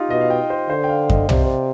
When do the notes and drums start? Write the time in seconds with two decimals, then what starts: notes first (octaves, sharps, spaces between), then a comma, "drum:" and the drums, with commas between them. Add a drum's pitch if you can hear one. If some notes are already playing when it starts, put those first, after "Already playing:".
Already playing: D#4 F4 G4
0.10 B2 D#5
0.21 F5
0.30 G5
0.50 C5
0.69 D3 C5
0.84 G5
0.89 F5
1.10 D#5, drum: kick F#2
1.29 C3 D5, drum: tom
1.44 C5